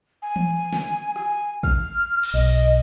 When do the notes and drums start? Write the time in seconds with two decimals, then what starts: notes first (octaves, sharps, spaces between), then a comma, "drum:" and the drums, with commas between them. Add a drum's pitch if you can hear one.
0.22 G#5
0.36 drum: tom E3
0.73 drum: snare
1.16 G#5, drum: rim click
1.63 F6, drum: kick
2.23 drum: cymbal
2.34 B1 D#5